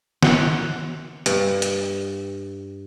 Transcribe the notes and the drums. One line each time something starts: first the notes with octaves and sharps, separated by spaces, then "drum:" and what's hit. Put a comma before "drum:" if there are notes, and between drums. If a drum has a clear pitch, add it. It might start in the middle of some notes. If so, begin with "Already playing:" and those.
F#5, drum: snare
G2, drum: hi-hat
drum: hi-hat